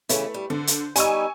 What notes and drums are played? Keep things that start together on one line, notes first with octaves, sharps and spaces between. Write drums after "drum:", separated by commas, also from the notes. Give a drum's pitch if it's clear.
C#3 E3 A3, drum: hi-hat
G3
D3 C5
drum: hi-hat
G3 B3 D#4 G#5 C#6 E6, drum: hi-hat